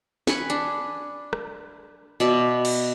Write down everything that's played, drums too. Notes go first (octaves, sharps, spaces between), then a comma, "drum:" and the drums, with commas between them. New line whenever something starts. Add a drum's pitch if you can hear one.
B4 G#5 C#6, drum: snare
D4, drum: hi-hat
drum: rim click
B2 D5 E5
drum: cymbal